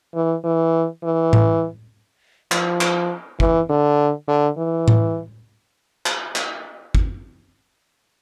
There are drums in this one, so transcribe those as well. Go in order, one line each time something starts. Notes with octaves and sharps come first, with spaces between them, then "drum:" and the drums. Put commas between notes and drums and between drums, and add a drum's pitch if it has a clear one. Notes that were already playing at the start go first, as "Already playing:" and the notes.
E3
E3
E3
drum: tom A2
F3, drum: clap
drum: clap
E3, drum: kick
D3
D3
E3
drum: tom A2
drum: clap
drum: clap
drum: kick